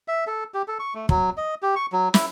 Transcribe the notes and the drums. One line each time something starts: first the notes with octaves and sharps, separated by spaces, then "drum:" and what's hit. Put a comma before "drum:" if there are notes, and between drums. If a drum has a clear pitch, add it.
E5
A4
G4
A4
C#6
A3
F#3, drum: kick
D#5
G4
C#6
F#3
E4, drum: snare